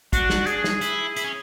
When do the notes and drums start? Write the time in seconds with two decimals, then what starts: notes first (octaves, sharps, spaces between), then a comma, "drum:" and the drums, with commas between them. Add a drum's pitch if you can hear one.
0.13 D4 F#4, drum: kick, hi-hat
0.30 drum: snare
0.47 G#4, drum: hi-hat
0.64 drum: snare
0.81 E4, drum: hi-hat
1.16 E4, drum: hi-hat
1.24 C#4